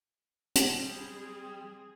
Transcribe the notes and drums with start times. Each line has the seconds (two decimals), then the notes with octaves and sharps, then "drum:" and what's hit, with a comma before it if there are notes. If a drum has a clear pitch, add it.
0.55 drum: hi-hat
0.75 G3 C4 G#4